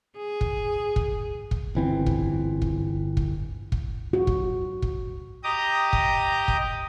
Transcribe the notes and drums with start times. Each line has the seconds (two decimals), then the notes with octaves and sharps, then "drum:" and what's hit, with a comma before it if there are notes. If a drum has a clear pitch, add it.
0.17 G#4
0.41 drum: kick
0.96 drum: kick
1.51 drum: kick
1.75 G1 E3 C4
2.06 drum: kick
2.62 drum: kick
3.17 drum: kick
3.72 drum: kick
4.13 F#4
4.27 drum: kick
4.82 drum: kick
5.44 G4 D#5 A#5 D6 D#6 G6
5.93 drum: kick
6.48 drum: kick